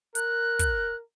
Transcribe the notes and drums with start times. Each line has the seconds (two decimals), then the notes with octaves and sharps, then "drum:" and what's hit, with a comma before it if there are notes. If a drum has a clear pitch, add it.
0.15 A#4 F#6, drum: hi-hat
0.59 drum: kick, hi-hat